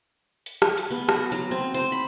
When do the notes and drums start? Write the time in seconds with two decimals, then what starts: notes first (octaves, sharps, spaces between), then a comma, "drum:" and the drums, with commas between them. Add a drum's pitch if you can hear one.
0.46 drum: hi-hat
0.62 drum: rim click
0.77 drum: hi-hat
0.91 B3
1.09 F#4, drum: rim click
1.32 F#3
1.51 C4
1.74 C5
1.92 B5